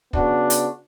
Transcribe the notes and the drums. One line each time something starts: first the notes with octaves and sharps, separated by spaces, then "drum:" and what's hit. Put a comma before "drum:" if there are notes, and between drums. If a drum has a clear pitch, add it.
C#3 B3 D4 F#4, drum: kick
drum: hi-hat